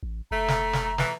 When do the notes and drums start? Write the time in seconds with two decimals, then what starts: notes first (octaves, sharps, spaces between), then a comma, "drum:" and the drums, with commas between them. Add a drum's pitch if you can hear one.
0.03 A1
0.31 F#1 A3 A#5
0.48 drum: snare
0.73 drum: snare
0.98 A2 E3, drum: snare